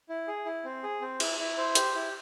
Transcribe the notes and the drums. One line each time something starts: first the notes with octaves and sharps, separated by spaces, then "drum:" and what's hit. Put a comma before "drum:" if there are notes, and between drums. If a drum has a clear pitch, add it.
E4
G#4
E4
C4
G#4
C4
E4, drum: cymbal
E4
C5
G4, drum: hi-hat
E4